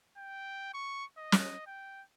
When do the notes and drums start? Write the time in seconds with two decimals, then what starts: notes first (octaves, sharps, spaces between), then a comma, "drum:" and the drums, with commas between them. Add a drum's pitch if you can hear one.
0.17 G5
0.74 C#6
1.18 D#5
1.32 drum: snare
1.66 G5